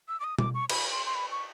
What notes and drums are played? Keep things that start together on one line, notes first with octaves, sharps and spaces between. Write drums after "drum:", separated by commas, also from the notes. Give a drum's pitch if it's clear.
E6
D6
D#6
D6, drum: tom B2
C#6
B5, drum: cymbal
C6
C6
B5
C#6